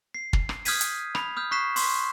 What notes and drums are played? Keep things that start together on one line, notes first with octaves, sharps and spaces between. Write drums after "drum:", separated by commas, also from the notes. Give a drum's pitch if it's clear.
C7
drum: kick
drum: rim click
D#6 F6 G6 G#6 B6 D#7, drum: open hi-hat
drum: hi-hat
B5, drum: rim click
D#6 F6 G6
C#6 F#6 B6 C7 E7
C6 C#6, drum: open hi-hat